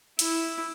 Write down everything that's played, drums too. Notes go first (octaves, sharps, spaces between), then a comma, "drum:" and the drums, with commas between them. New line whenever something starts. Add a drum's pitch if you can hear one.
E4, drum: hi-hat